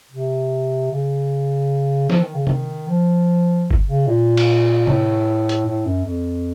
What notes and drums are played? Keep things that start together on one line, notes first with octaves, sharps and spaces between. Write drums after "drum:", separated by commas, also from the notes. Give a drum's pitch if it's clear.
C3
C#3
F3, drum: snare
D#3
C#3
D#3, drum: tom C3
F3
drum: kick G1
C#3
A#2
drum: cymbal
A2, drum: tom C3
drum: hi-hat
A2
F#2
F2